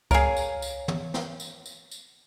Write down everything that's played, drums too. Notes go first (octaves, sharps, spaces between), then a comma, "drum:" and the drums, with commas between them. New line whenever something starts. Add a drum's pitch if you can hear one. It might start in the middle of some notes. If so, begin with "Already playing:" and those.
G#4 A#4 C#5 F5 G#5, drum: kick C2, tambourine
drum: tambourine
drum: tambourine
drum: tom
drum: snare
drum: tambourine
drum: tambourine
drum: tambourine